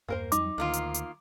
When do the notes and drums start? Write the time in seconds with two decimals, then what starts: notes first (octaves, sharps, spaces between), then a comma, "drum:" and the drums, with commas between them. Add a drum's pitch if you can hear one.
0.09 E2 G2 A#3 A#4 C5
0.32 F2 G3 D#4 D6, drum: hi-hat
0.58 D2 D#3 A#3 F4
0.73 drum: hi-hat
0.94 drum: hi-hat